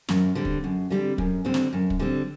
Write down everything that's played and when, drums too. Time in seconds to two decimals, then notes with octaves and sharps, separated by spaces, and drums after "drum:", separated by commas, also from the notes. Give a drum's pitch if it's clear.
0.08 F#2, drum: snare
0.35 D3 G3 C4
0.45 drum: kick
0.64 F#2
0.90 D3 G3 C4
1.18 F#2, drum: kick
1.45 D3 G3 C4
1.54 drum: snare
1.73 F#2
1.90 drum: kick
1.99 D3 G3 C4